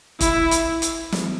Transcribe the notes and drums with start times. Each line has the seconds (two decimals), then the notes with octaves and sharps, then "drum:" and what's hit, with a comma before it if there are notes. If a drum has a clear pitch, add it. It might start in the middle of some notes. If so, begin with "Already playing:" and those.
0.21 E4, drum: kick, hi-hat
0.51 drum: hi-hat
0.82 drum: hi-hat
1.12 drum: snare